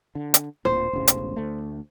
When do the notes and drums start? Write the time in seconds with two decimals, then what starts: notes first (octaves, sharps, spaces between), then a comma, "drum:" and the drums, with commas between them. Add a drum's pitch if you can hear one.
0.15 D3
0.34 drum: hi-hat
0.65 D1 A#2 C5
0.93 E1 A1 C#3
1.07 drum: hi-hat
1.36 D2 A3